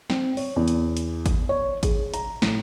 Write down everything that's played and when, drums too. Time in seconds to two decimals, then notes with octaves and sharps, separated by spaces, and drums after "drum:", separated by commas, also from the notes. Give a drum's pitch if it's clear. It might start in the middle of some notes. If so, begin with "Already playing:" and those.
0.10 C4, drum: snare
0.37 C#5, drum: open hi-hat
0.56 E2
0.68 drum: hi-hat
0.97 drum: hi-hat
1.26 drum: kick G#1, hi-hat
1.49 C#5
1.83 G#4, drum: kick G#1, hi-hat
2.14 A#5, drum: hi-hat
2.42 A2, drum: snare